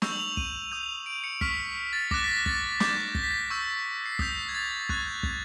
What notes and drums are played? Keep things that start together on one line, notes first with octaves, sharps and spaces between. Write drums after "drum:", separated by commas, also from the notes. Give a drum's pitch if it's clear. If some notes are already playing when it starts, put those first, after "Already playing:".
C#6 E6 G6 F7, drum: snare
F#7
F7
D#7, drum: kick
D#6 G6
D7
C#7
C#6 F6 B6, drum: kick
A6
D6 F#6 A#6, drum: kick
B6
A#6
A6, drum: kick
D6 G6, drum: snare
A#6, drum: kick
B6
A#6
C#6 E6 G6
C7
B6
D#6 G6 A#6, drum: kick
G#6
A6
C#6 F#6 G#6, drum: kick
G6
G#6, drum: kick